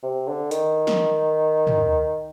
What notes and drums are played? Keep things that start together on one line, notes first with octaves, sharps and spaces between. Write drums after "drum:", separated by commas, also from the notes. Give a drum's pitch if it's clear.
C3
D3
D#3, drum: hi-hat
drum: snare
drum: tom